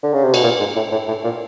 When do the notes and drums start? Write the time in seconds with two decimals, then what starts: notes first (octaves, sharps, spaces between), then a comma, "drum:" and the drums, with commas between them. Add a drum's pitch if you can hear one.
0.03 D3
0.13 C#3
0.23 C3
0.34 B2, drum: cymbal
0.43 A#2
0.60 G#2
0.76 A2
0.92 A2
1.08 A2
1.24 A#2